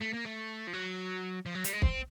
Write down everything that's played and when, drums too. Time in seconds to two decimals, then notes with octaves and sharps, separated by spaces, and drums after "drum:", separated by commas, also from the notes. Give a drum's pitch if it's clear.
0.01 A3
0.13 A#3
0.25 A3
0.67 F3
0.73 F#3
1.46 F3
1.55 F#3
1.64 G3, drum: hi-hat
1.73 G#3
1.82 C4, drum: kick